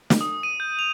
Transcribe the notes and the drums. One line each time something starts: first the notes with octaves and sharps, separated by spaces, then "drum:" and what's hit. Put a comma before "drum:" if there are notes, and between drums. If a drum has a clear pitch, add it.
drum: snare
D#6
D#7
G6
F7